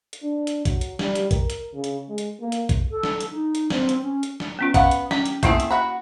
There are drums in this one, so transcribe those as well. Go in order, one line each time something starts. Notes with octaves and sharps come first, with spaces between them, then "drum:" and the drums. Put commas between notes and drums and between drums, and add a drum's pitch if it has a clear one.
drum: hi-hat
D4
drum: hi-hat
F#3, drum: kick, hi-hat
drum: hi-hat
G3, drum: snare
drum: hi-hat
A#4, drum: kick, hi-hat
drum: hi-hat
C#3
drum: hi-hat
G#3
drum: hi-hat
A#3
drum: hi-hat
drum: kick, hi-hat
A4
drum: snare
drum: hi-hat
D#4
drum: hi-hat
C4, drum: snare
drum: hi-hat
C#4
drum: hi-hat
drum: snare
B3 C#4 F4
B3 F5 F#5, drum: kick, hi-hat
drum: hi-hat
C#4 G4, drum: snare
drum: hi-hat
A3 A#3 C4 E4 F4 G#4, drum: kick, hi-hat
drum: hi-hat
F#4 F#5 B5